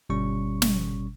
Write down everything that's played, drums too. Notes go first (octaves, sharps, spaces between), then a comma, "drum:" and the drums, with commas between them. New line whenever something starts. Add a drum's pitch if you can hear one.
G1 B2 G3 C#4 C#6
drum: snare